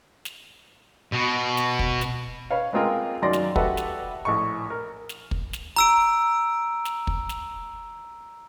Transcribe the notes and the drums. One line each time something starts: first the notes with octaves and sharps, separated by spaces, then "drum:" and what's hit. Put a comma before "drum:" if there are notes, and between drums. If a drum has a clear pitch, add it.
drum: snare
B2
drum: snare
drum: kick
drum: snare
B4 C#5 F5
G#3 A#3 C4 F4 G#4 A#4
F#2 D#3 F#3 D5 C6 A#6
drum: snare
F#4 G4 A4 B4 E5 F#5, drum: kick
drum: snare
A#1 A2 C#6
A#4
drum: snare
drum: kick
drum: snare
A#5 E6 D7
drum: snare
drum: kick
drum: snare